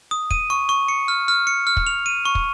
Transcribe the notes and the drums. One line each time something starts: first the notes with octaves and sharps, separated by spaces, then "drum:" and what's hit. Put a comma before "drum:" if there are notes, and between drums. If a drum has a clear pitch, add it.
D#6
D#7, drum: kick
C#6
C#6
C#7
F6
F6
C#7
F6
drum: kick
F7
D#7
C#6
drum: kick